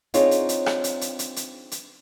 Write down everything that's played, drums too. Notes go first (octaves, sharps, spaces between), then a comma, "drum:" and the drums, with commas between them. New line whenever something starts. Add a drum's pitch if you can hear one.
C4 D4 D#4 F4 G#4 C#5, drum: hi-hat
drum: hi-hat
drum: hi-hat
drum: rim click
drum: hi-hat
drum: hi-hat
drum: hi-hat
drum: hi-hat
drum: hi-hat